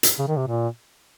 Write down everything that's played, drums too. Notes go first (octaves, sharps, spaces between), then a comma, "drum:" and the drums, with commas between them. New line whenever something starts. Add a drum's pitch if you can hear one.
drum: hi-hat
C#3
D#3
C3
A#2